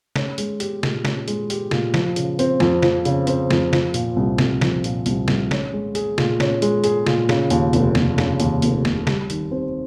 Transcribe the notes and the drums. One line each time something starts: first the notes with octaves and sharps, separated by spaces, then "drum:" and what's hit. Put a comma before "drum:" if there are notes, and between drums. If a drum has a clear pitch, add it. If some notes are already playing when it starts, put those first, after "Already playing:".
C#4, drum: snare
G#3, drum: hi-hat
G4, drum: hi-hat
A#2, drum: snare
C#4, drum: snare
G#3, drum: hi-hat
G4, drum: hi-hat
A#2, drum: snare
F3, drum: snare
C#3, drum: hi-hat
C4, drum: hi-hat
F2, drum: snare
F3, drum: snare
C#3, drum: hi-hat
C4, drum: hi-hat
F2, drum: snare
F3, drum: snare
A#2, drum: hi-hat
C2
C2, drum: snare
F3, drum: snare
A#2, drum: hi-hat
C2, drum: hi-hat
C2, drum: snare
C#4, drum: snare
G#3
G#4, drum: hi-hat
A#2, drum: snare
C#4, drum: snare
G#3, drum: hi-hat
G#4, drum: hi-hat
A#2, drum: snare
C#3, drum: snare
D#2, drum: hi-hat
F1, drum: hi-hat
F1, drum: snare
C#3, drum: snare
D#2, drum: hi-hat
F1, drum: hi-hat
F1, drum: snare
G3, drum: snare
D#3, drum: hi-hat
C4